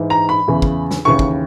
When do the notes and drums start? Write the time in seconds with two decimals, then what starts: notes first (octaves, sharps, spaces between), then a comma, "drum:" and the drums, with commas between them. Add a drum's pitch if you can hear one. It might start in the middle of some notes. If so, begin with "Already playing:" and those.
Already playing: G#2 E3
0.10 A#5
0.29 B5
0.48 E2 C#3 E3
0.62 drum: kick
0.91 drum: snare
1.05 D#2 C#3 E3 C#6
1.19 drum: kick